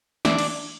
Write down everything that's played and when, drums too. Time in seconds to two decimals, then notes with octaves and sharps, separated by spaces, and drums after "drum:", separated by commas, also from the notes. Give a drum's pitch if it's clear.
0.25 E3 D4, drum: snare
0.39 drum: cymbal